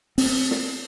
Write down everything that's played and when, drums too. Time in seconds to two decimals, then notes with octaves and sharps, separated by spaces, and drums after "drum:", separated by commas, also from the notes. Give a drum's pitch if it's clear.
0.18 C4, drum: open hi-hat
0.51 drum: snare